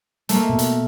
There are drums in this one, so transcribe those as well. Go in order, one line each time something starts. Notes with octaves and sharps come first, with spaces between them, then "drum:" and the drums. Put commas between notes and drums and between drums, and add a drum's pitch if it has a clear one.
A3 A#3, drum: hi-hat
B2
drum: hi-hat